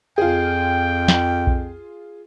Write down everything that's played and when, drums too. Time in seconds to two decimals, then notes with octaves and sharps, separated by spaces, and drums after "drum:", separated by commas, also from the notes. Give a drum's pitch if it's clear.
0.18 F2 F4 G#4 G5
1.08 drum: snare
1.47 drum: kick B1